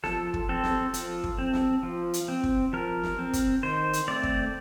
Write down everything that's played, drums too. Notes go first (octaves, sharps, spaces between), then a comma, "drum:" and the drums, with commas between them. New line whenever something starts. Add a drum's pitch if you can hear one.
F3 A4, drum: snare
drum: kick
C4 A4
drum: snare
F3, drum: hi-hat
drum: kick
C4
drum: snare
F3
drum: hi-hat
C4
drum: kick
F3 A#4
drum: snare
C4
drum: kick, hi-hat
D#3 C5
drum: hi-hat
A3 C4 D5
drum: kick